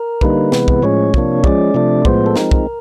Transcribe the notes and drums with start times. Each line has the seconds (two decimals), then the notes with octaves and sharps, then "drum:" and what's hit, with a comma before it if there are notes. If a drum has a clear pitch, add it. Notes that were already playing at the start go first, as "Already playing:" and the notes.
Already playing: A#4
0.21 D3 G3 A#3 D#4 B4, drum: kick
0.52 C3 E3 G#3 B3, drum: snare
0.68 drum: kick
0.83 A2 F3 G#3 C#4 C#5
1.14 C3 F3 A#3 D4, drum: kick
1.44 F3 G#3 C#4 D5, drum: kick
1.74 C3 F3 A3 D4
2.05 A2 F3 G#3 B3 C5, drum: kick
2.26 A4
2.36 F3 G#3 C4 D#4 A#4, drum: snare
2.51 drum: kick